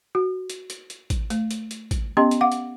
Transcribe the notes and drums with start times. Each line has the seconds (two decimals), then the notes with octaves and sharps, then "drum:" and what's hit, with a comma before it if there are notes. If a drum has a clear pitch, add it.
0.15 F#4
0.50 drum: hi-hat
0.70 drum: hi-hat
0.90 drum: hi-hat
1.10 drum: kick, hi-hat
1.30 A3, drum: hi-hat
1.51 drum: hi-hat
1.71 drum: hi-hat
1.91 drum: kick, hi-hat
2.17 B3 C#4 G4 D#5 C6
2.31 drum: hi-hat
2.41 F5 F#5 D6
2.52 drum: hi-hat